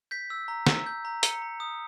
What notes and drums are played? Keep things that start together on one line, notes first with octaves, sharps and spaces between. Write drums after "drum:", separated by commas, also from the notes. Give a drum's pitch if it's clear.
G6 B6
E6
A#5
E6, drum: snare
G6
A#5
A#5 C#7, drum: hi-hat
A#5
D#6